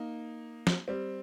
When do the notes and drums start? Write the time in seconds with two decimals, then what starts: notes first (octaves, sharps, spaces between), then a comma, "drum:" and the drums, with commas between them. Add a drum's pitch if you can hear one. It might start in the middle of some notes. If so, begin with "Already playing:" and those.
Already playing: A#3 D#4
0.67 drum: snare
0.88 G3 C4